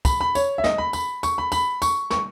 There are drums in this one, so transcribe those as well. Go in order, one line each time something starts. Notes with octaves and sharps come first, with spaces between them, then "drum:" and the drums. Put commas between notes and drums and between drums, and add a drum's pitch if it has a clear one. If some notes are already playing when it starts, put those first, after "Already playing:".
B5, drum: kick, tambourine
B5
C#5, drum: tambourine
E5
D#5, drum: snare
B5
B5, drum: tambourine
C#6, drum: tambourine
B5
B5, drum: tambourine
C#6, drum: tambourine
C#6, drum: snare